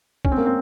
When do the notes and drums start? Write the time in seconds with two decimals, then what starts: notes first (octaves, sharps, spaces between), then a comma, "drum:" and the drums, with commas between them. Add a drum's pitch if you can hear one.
0.25 C#4, drum: kick
0.32 C4
0.38 A#3
0.46 C4